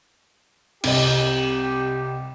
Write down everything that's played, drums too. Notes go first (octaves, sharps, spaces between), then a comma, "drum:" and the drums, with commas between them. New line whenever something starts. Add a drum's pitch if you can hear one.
C2 G4 D#5, drum: cymbal